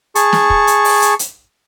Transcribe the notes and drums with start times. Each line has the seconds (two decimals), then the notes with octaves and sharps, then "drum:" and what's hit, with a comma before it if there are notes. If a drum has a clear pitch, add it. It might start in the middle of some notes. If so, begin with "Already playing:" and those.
0.15 G#4 A5 C#6, drum: hi-hat
0.33 drum: snare
0.50 drum: kick
0.67 drum: hi-hat
0.85 drum: open hi-hat
1.02 drum: hi-hat
1.19 drum: hi-hat